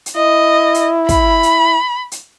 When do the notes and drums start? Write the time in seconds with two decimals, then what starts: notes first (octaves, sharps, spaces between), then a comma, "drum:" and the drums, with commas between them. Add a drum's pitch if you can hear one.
0.06 drum: hi-hat
0.16 E4 D#5
0.74 drum: hi-hat
1.09 B5, drum: kick, hi-hat
1.43 drum: hi-hat
2.12 drum: hi-hat